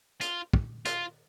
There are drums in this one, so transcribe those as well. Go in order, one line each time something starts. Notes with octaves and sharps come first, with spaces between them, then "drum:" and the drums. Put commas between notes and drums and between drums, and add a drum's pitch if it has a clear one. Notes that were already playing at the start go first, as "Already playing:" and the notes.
F4, drum: hi-hat
drum: kick
F4, drum: hi-hat